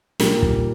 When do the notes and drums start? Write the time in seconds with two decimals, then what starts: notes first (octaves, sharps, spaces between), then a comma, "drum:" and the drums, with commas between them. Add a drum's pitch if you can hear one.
0.20 A#2 G3 A#3 D#4 A#4, drum: snare
0.42 drum: kick